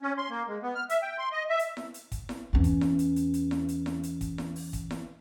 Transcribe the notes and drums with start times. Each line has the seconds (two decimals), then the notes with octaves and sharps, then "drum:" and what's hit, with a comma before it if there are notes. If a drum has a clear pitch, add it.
0.02 C#4
0.18 C6
0.30 A#3
0.48 G#3
0.63 B3
0.75 F6
0.90 E5, drum: hi-hat
1.02 G5
1.18 C6
1.32 D#5
1.49 E5
1.59 drum: hi-hat
1.77 drum: snare E4
1.94 drum: hi-hat
2.12 drum: kick, hi-hat
2.29 drum: snare E4
2.53 E2 C#4
2.64 drum: kick, hi-hat
2.81 drum: snare E4
2.99 drum: hi-hat
3.16 drum: hi-hat
3.34 drum: hi-hat
3.51 drum: snare E4
3.68 drum: hi-hat
3.86 drum: snare E4
4.03 drum: hi-hat
4.21 drum: kick, hi-hat
4.38 drum: snare E4
4.56 drum: open hi-hat
4.73 drum: kick, hi-hat
4.91 drum: snare E4